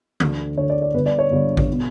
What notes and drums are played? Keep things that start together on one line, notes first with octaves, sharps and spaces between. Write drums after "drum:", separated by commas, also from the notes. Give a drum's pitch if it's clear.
D2 D3, drum: tom D3
D2 D3 C#5
D5
D5
G1 G2 D3 B4
D5
C#5
G1 G2 D3
drum: kick A1
B2